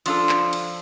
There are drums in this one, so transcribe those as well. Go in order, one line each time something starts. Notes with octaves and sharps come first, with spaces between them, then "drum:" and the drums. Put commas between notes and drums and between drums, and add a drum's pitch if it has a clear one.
F3 D4 F4 A4, drum: cymbal
drum: clap
drum: cymbal